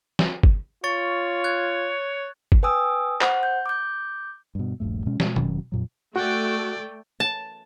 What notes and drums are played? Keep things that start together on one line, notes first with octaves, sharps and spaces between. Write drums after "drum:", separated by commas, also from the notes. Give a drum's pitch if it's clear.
drum: snare
drum: kick G1
F4 C#5 C#6 A6
F#6 G#6
drum: kick G1
B4 G5 G#5 D#6 E6
C5 F#5, drum: clap
G6
D6 G6
G2 B2
D#1 A#1 G2 A3
B2 G#3 C#4
B2 G#3, drum: snare
F1 D#3 F#3 C#4, drum: tom B2
F2 A#2 F#3
A3 F#4 D5 G5 C#6 F#6
A5